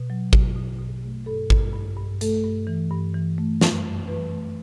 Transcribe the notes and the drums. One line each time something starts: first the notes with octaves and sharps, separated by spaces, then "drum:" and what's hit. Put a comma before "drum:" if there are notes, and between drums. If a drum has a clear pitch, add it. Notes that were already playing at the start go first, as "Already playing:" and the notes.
Already playing: B2
F#3
B2, drum: kick G#1
B2
B2
A3
G2 A4
G2, drum: kick G#1
G2
G2
A3 A4, drum: hi-hat
G2
E3
G2
E3
A3
F#2, drum: snare
F#2
E3 B4
A3